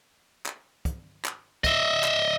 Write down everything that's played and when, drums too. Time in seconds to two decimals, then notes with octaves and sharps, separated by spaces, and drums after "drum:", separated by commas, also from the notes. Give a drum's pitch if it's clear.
0.46 drum: clap
0.85 drum: kick, hi-hat
1.25 drum: clap
1.64 D#5 E5, drum: kick, hi-hat
2.04 drum: clap